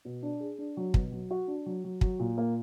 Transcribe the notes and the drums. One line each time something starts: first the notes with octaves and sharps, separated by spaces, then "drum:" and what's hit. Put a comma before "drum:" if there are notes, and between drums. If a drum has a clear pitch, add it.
B2
D4
G#4
D4
F#3
B2, drum: kick
F#3
F#4
D4
F#3
F#3
F#3, drum: kick
A#2
A#3